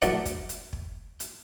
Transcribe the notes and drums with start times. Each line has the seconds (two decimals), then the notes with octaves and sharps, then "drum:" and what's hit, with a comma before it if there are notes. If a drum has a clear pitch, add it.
0.02 A1 F#2 D4 A#4 D5 F#5, drum: hi-hat
0.25 drum: kick, hi-hat
0.49 drum: hi-hat
0.73 drum: kick
1.20 drum: hi-hat